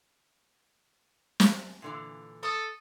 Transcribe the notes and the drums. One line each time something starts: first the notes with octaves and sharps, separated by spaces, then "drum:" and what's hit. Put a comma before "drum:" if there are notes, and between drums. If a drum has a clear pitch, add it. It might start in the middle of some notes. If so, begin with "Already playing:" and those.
drum: snare
A#2 D3 E3
A4 D#6